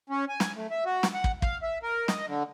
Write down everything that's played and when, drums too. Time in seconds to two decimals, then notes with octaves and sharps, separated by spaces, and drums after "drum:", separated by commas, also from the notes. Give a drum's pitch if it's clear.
0.10 C#4
0.29 G#5
0.40 drum: snare
0.56 A3
0.71 E5
0.85 F#4
1.03 drum: snare
1.14 F#5
1.24 drum: kick
1.42 F5, drum: kick
1.63 E5
1.83 A#4
2.08 D#5, drum: snare
2.26 D3